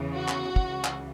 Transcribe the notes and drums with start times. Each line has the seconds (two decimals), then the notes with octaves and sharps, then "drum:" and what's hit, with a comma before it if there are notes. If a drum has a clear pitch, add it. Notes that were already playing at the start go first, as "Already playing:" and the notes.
Already playing: E2 C#3 E3
0.14 F#4
0.28 drum: clap
0.56 C#2 C#3 E3, drum: kick
0.84 drum: clap